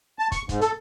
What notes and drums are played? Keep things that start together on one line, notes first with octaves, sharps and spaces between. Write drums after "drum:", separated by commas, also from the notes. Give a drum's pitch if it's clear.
A5
C#6, drum: kick, hi-hat
G#2, drum: kick, hi-hat
A4, drum: hi-hat